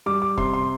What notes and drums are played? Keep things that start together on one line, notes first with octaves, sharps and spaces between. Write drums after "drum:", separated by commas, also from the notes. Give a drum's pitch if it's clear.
G3 D6
D6
C3 C6, drum: kick
C6